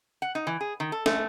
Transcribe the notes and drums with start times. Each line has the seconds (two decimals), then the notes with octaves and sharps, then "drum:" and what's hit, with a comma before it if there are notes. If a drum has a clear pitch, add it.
0.22 F#5
0.35 D#4
0.47 E3
0.61 G#4
0.80 D#3
0.92 A4
1.06 A3, drum: snare